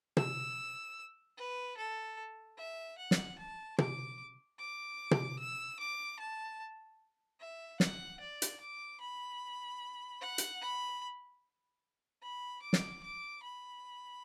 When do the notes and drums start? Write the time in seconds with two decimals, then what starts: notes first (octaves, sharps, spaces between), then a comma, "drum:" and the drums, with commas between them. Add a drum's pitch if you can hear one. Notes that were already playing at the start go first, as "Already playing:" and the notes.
0.17 E6, drum: tom
1.37 B4
1.77 A4
2.58 E5
2.98 F#5
3.11 drum: snare
3.38 A5
3.78 D6, drum: tom
4.59 D6
5.11 drum: tom
5.39 E6
5.80 D6
6.19 A5
7.40 E5
7.80 F#5, drum: snare
8.20 D5
8.42 drum: hi-hat
8.60 D6
9.00 B5
10.21 F#5
10.38 drum: hi-hat
10.61 B5
12.22 B5
12.62 D6
12.73 drum: snare
13.03 D6
13.43 B5